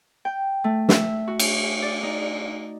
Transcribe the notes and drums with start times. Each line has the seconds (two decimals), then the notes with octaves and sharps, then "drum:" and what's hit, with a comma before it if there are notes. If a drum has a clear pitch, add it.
0.25 G5
0.64 A3
0.89 E5, drum: snare
1.28 F#4
1.39 drum: cymbal
1.82 D5
2.03 D#4